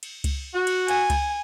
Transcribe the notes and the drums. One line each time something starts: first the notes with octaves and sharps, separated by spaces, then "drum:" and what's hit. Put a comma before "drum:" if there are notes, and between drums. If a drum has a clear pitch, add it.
drum: cymbal
drum: kick C#2, cymbal
F#4
drum: cymbal
G#5, drum: cymbal
drum: kick C#2, cymbal